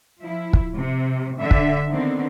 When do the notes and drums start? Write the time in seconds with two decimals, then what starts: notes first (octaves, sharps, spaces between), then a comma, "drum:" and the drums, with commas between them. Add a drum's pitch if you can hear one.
0.21 F3 E4
0.53 drum: kick
0.78 C3
1.39 D3 E5
1.51 drum: kick
1.89 D3 D#3 B3 C4